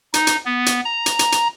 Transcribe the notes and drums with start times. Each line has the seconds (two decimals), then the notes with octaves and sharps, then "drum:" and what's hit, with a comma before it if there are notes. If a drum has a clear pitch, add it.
0.14 D#4, drum: hi-hat
0.27 drum: hi-hat
0.46 B3
0.66 drum: hi-hat
0.85 A#5
1.06 drum: hi-hat
1.19 drum: hi-hat
1.32 drum: hi-hat